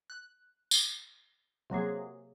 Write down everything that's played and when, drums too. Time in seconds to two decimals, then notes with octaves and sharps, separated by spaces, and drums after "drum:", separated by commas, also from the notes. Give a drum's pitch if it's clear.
0.10 F#6
0.71 drum: tambourine
1.70 C3 F#3 A#3 G#4